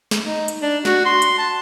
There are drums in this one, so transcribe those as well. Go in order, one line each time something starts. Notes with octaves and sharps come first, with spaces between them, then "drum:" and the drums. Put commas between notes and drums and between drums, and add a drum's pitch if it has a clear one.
drum: snare
D#4
drum: hi-hat
D4
F#4, drum: snare
C6
drum: hi-hat
A5